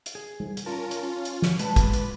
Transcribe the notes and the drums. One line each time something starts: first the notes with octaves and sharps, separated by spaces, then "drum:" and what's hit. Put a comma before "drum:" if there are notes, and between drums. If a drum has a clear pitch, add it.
drum: hi-hat
G#4
drum: tom G3
drum: hi-hat
C#4 F4 A#4 A5
drum: hi-hat
C#4 F4
drum: hi-hat
drum: snare
A#2 G#3 B4 A5, drum: hi-hat
drum: kick, hi-hat
drum: hi-hat